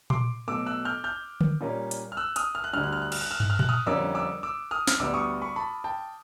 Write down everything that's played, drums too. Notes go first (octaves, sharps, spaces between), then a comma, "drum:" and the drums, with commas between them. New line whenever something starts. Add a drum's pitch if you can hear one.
C6 D6, drum: tom A#2
B2 F#3 A3 D6 E6
E6 F#6
F6 G6
F6 G6
drum: tom D3
A#2 G3 A#3 C#4
drum: hi-hat
F6
E6 F#6
D#6 F6, drum: hi-hat
F6
F#6
D2 D3 G3 F6
F#6
F6
F#6
F6, drum: cymbal
F#6
F6
F#6, drum: tom
F6
F#6, drum: tom A#2
D#6 F6
F2 D3 G3 A#3 C#4 D6 E6
D6 E6
D6 E6
D#6 F6
F6, drum: snare
D2 D3 G3 B3 D6 E6
C#6 D#6
B5 C#6
A5 B5
G5 A5